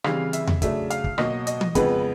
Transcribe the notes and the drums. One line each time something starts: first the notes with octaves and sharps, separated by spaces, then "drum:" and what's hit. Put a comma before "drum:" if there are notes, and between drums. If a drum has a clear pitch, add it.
C#3 E3 G3 C4 F5, drum: rim click
E5, drum: hi-hat
drum: tom E2
C#3 F#3 A3 D4 E5, drum: kick, hi-hat
F5, drum: hi-hat
drum: kick
B2 F#3 A#3 D#5, drum: rim click
D#5, drum: hi-hat
drum: tom
F2 C#3 F3 G#3 B3 B4, drum: kick, hi-hat